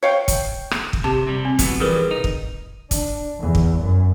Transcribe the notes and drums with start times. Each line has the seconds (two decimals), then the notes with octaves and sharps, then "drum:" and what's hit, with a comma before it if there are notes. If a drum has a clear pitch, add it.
0.03 C#5 F5 G5
0.28 drum: kick, hi-hat
0.71 drum: rim click
0.93 drum: kick
1.04 C3 G4 A5
1.27 C3 G3
1.45 C4
1.59 A2 F#3 B3, drum: kick, hi-hat
1.80 E3 F3 G3 G#4 A#4 B4
2.11 B1 D#4
2.24 drum: kick
2.91 D4, drum: kick, hi-hat
3.40 E2
3.55 drum: kick
3.81 F#2